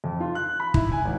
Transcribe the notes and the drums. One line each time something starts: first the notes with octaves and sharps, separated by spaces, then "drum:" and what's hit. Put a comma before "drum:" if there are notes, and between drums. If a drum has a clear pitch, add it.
F2
F4
F#6
B5
E4, drum: kick
G#5
G#1